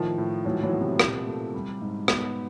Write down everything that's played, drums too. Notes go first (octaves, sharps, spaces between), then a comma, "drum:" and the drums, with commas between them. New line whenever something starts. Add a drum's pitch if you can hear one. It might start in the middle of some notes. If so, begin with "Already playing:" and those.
Already playing: A2 D#3 F3
A2
G#2 E3 F#3
E3 F#3
B3
C3
A#2, drum: rim click
A3
G3
G#2
B2 B3, drum: rim click